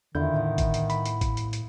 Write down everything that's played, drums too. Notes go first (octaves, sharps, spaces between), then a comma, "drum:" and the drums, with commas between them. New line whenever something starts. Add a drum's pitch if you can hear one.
E2 D3 D#3 E4 F4 C5 G6
A2 B3 E4
drum: kick, hi-hat
drum: hi-hat
B5, drum: hi-hat
drum: hi-hat
drum: kick, hi-hat
drum: hi-hat
drum: hi-hat